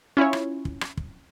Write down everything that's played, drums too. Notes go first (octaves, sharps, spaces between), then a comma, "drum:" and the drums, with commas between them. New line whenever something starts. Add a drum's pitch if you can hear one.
C#4 E4 F4 C#5
drum: rim click
drum: kick
drum: rim click
drum: kick